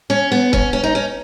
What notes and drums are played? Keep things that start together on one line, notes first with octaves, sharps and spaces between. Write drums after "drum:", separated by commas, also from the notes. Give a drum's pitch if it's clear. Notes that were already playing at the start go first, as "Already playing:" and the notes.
C#4
B3
C#4, drum: kick
C#4
D#4
C#4